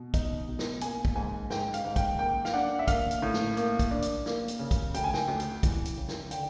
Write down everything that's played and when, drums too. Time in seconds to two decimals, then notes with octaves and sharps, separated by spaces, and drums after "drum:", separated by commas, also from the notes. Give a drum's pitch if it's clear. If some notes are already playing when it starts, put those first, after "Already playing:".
Already playing: B2
0.14 D#4, drum: kick, hi-hat
0.48 B2
0.59 drum: snare
0.81 A#3 G#5, drum: hi-hat
1.05 drum: kick
1.16 G#2 G#5
1.50 G#2 G5, drum: snare
1.74 F5, drum: hi-hat
1.85 G#2
1.96 G5, drum: kick, hi-hat
2.19 A#3 G5
2.45 F5, drum: snare
2.53 D4 F#5
2.79 E5
2.88 A#3 F5, drum: kick, hi-hat
3.11 drum: hi-hat
3.22 A2
3.34 drum: snare
3.57 A#3, drum: hi-hat
3.79 drum: kick, hi-hat
3.91 D4
4.02 drum: hi-hat
4.26 A#3, drum: snare
4.48 drum: hi-hat
4.59 C#3
4.71 drum: kick, hi-hat
4.94 D2 G5, drum: hi-hat
5.04 G#5
5.14 G5, drum: snare
5.28 D2
5.40 drum: hi-hat
5.63 E3, drum: kick, hi-hat
5.85 drum: hi-hat
5.97 C#3
6.08 drum: snare
6.31 D3 G5, drum: hi-hat